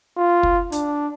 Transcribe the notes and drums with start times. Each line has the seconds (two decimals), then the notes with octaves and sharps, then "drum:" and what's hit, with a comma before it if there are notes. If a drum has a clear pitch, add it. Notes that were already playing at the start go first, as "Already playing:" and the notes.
0.17 F4
0.43 drum: kick
0.72 D4, drum: hi-hat